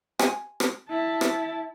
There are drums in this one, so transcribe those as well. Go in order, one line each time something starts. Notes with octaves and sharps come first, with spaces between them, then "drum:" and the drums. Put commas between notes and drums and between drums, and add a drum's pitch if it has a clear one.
G#5, drum: rim click
drum: rim click
E4 A5
drum: rim click